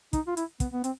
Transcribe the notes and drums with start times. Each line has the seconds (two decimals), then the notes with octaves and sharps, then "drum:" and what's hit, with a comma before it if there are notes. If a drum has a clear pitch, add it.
0.13 D#4, drum: kick, hi-hat
0.27 F4
0.37 E4, drum: hi-hat
0.60 B3, drum: kick, hi-hat
0.72 B3
0.84 C4, drum: hi-hat